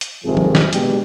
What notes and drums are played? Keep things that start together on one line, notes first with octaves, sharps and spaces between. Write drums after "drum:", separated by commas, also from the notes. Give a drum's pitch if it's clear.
drum: hi-hat
G#1 F2 C3 F3 G#4
drum: tom
drum: snare
B2 G#3 D4 G4, drum: hi-hat